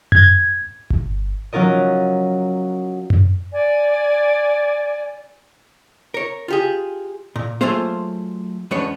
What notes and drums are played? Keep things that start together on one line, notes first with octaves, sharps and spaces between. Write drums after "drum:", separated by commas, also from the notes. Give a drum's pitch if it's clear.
G#6, drum: tom F#2
drum: kick G1
F#3 C#4 F4 A#4 D#5
drum: tom F#2
D5 G#5
A#4 C#5
F4 G4 G#4
A#2
F#3 A3 F4 G#4 C5 F5, drum: tom A#3
E2 G#3 B3 C#4 D4 C#5